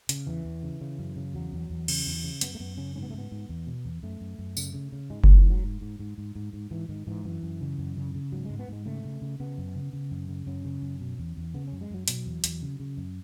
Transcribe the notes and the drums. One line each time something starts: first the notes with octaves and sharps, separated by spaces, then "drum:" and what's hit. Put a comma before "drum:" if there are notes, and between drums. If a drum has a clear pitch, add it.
C#3, drum: hi-hat
E2 E3
E2
C#3
C#3
F#2
C#3
E2 F#3
E2
E2
C#3, drum: cymbal
E2
C#3
F#2 B3, drum: hi-hat
A3
F#2 B3
C#3 C#4
G#2 C#4
B3
A3
G#2 B3
G#2
E2
B2
E2
F#2 A3
F#2
F#2
C#3, drum: tambourine
C#3
C#3
G#2 G#3
G#2 F#3, drum: kick F#1
E3
G#2 F#3
G#2
G#2
G#2
G#2
G#2
G#2
G#2 E3
G#2 D#3
G#2 E3
F#2 E3
F#2
C#3
F#2
C#3
C#3
G#2 F#3
G#2 G#3
B3
G#2 G#3
C#3 A3
C#3
C#3
C#3 B3
F#2
C#3
C#3
F#2
C#3
F#2 C#4
C#3
F#2
B2
E2
E2
C#3 B3
F#2 C#4
G#3
F#2 F#3
B2 F#3, drum: hi-hat
E2
E2, drum: hi-hat
C#3
C#3
F#2